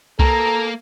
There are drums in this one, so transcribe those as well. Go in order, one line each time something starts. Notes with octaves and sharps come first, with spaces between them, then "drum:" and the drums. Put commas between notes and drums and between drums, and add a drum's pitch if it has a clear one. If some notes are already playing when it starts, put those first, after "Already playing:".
A#3 A4 A#5, drum: kick C2